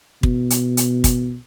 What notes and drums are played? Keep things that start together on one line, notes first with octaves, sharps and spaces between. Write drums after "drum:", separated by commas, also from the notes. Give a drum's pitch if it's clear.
B2, drum: kick
drum: hi-hat
drum: hi-hat
drum: kick, hi-hat